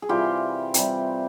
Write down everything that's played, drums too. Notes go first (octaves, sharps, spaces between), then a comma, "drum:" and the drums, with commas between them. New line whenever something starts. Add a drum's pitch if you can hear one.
G#4
C3 E3 G3 F4 G4
C3 E3 G3, drum: hi-hat